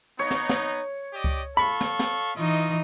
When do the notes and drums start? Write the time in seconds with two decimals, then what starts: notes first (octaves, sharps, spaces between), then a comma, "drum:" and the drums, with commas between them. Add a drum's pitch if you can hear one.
0.19 B3 D#4 C#5
0.31 drum: snare
0.49 drum: snare
1.13 G4 D5 D#5
1.24 drum: kick C#2
1.57 A4 F5 B5 C#6
1.81 drum: snare
1.99 drum: snare
2.37 E3 D#4 F4 D#5 C#6